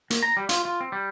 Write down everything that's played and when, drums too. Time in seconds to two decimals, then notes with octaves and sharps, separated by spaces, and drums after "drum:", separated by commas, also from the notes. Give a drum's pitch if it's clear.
0.10 A#3, drum: hi-hat
0.23 A#5
0.37 G3
0.49 F4, drum: hi-hat
0.65 F4
0.81 C4
0.92 G3